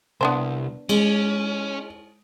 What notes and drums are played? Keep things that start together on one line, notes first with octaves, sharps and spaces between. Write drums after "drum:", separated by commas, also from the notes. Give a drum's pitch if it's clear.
C2 B3 D4 C5
G#3 C#4, drum: cymbal